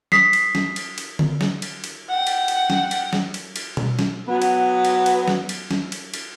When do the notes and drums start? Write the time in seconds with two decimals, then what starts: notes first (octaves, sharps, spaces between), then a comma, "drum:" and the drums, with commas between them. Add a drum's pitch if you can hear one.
0.12 D#6 B6 C7, drum: snare
0.33 drum: cymbal
0.55 drum: snare
0.76 drum: cymbal
0.98 drum: cymbal
1.19 drum: tom D3
1.41 drum: snare
1.62 drum: cymbal
1.84 drum: cymbal
2.09 F#5 G5
2.27 drum: cymbal
2.48 drum: cymbal
2.70 drum: snare
2.91 drum: cymbal
3.13 drum: snare
3.34 drum: cymbal
3.56 drum: cymbal
3.77 drum: tom B2
3.99 drum: snare
4.28 F#3 B3
4.42 drum: cymbal
4.85 drum: cymbal
5.06 drum: cymbal
5.28 drum: snare
5.49 drum: cymbal
5.71 drum: snare
5.92 drum: cymbal
6.14 drum: cymbal